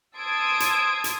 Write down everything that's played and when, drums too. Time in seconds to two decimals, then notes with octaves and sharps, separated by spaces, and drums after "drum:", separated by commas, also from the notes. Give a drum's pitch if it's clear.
0.17 A5 C6 D#6 E6 G#6 D7
0.60 drum: hi-hat
1.04 drum: hi-hat